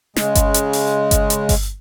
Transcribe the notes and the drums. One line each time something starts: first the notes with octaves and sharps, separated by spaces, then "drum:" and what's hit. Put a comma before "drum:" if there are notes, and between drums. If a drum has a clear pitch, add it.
C#3 G#3, drum: snare
drum: kick G1, hi-hat
drum: hi-hat
drum: open hi-hat
drum: kick G1, hi-hat
drum: hi-hat
drum: kick G1, open hi-hat